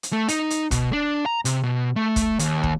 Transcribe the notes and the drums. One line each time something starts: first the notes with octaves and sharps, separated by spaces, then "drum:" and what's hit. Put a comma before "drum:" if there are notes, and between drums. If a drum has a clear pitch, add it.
drum: hi-hat
A3
D#4, drum: hi-hat
drum: hi-hat
B2, drum: kick, hi-hat
D4
A#5
C3, drum: hi-hat
B2
A3
drum: kick, hi-hat
D#2, drum: hi-hat
drum: kick